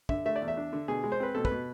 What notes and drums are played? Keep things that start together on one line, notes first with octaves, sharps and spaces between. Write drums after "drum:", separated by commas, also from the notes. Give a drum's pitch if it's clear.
D3 E5, drum: kick
A3 E5
D5
E2
E5
D4
D3
B2 G#4
G#3
C5
C4 B4
B2 A4
B4, drum: kick
B2